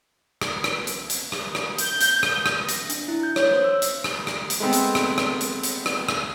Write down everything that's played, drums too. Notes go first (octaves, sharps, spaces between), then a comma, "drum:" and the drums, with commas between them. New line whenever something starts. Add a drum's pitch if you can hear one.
drum: rim click
drum: rim click
drum: hi-hat
drum: hi-hat
drum: rim click
drum: rim click
G6, drum: hi-hat
drum: hi-hat
drum: rim click
drum: rim click
A#6, drum: hi-hat
D4, drum: hi-hat
E4
G6
C#5, drum: rim click
C5
E6
drum: hi-hat
drum: rim click
drum: rim click
drum: hi-hat
G#3 A3 B3 C4
drum: hi-hat
drum: rim click
drum: rim click
drum: hi-hat
drum: hi-hat
drum: rim click
drum: rim click